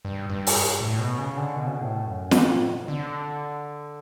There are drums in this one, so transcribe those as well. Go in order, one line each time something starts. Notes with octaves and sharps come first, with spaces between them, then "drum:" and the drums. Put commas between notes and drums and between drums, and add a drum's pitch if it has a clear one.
G2
G2
drum: open hi-hat
A2
B2
C#3
D3
B2
C#3
B2
A2
F#2
G2, drum: snare
A2
B2
D3